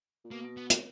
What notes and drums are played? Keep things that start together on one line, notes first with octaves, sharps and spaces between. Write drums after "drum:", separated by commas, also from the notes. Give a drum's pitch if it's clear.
A#2
B2 A#3
B3
drum: hi-hat